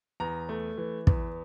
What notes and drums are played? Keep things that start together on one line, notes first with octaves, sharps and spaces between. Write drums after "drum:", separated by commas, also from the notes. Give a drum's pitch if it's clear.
E2 A#5
A3
E3
E2, drum: kick